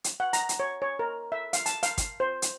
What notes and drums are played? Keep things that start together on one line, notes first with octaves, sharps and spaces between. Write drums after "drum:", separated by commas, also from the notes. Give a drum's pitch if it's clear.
drum: hi-hat
F#5
A#5, drum: hi-hat
drum: hi-hat
C#5
C#5
A#4
E5
F5, drum: hi-hat
A5, drum: hi-hat
F5, drum: hi-hat
drum: kick, hi-hat
C5
drum: hi-hat